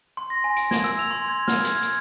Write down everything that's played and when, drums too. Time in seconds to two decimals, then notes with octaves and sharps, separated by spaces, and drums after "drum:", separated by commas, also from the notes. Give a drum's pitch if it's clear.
0.17 C6
0.30 A#6
0.44 G#5
0.57 D7, drum: hi-hat
0.71 G#6, drum: snare
0.84 E6
0.99 F7
1.11 C6
1.29 G#6
1.48 F6, drum: snare
1.65 G#6, drum: hi-hat
1.83 G#6, drum: hi-hat